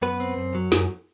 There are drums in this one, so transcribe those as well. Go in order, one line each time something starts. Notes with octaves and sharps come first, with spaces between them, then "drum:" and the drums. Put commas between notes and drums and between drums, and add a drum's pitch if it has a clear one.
F#2 B3 B4
C4
F#2
F#3
F#2, drum: snare